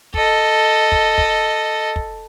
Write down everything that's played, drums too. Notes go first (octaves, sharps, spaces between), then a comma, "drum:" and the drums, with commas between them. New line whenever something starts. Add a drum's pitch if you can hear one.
A4 D#5, drum: kick
drum: kick
drum: kick
drum: kick